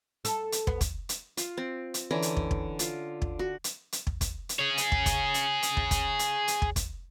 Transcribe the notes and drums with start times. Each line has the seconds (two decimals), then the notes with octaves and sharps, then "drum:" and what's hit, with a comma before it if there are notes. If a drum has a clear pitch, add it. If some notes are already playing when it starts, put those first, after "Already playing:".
0.25 A4, drum: hi-hat
0.52 drum: hi-hat
0.67 B3, drum: kick
0.81 drum: kick, hi-hat
1.09 drum: hi-hat
1.37 F4, drum: hi-hat
1.57 C4
1.94 drum: hi-hat
2.11 D3 E3 C#4 A#5
2.22 drum: hi-hat
2.37 drum: kick
2.51 drum: kick
2.79 F4, drum: hi-hat
3.22 drum: kick
3.39 F#4
3.64 drum: hi-hat
3.92 drum: hi-hat
4.07 drum: kick
4.21 drum: kick, hi-hat
4.49 drum: hi-hat
4.59 G#4 C#5
4.78 drum: hi-hat
4.92 drum: kick
5.06 drum: kick, hi-hat
5.34 drum: hi-hat
5.63 drum: hi-hat
5.77 drum: kick
5.91 drum: kick, hi-hat
6.19 drum: hi-hat
6.48 drum: hi-hat
6.62 drum: kick
6.76 drum: kick, hi-hat